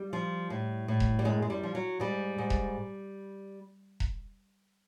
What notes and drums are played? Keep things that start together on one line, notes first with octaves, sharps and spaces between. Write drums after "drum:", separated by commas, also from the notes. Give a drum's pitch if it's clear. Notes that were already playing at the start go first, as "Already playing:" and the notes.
Already playing: G3
F3
A2
A2
drum: kick E1
G3
F#2 G#3
G#3
G3
F3
F#3
G#2 G3
G#2
drum: kick E1
drum: kick E1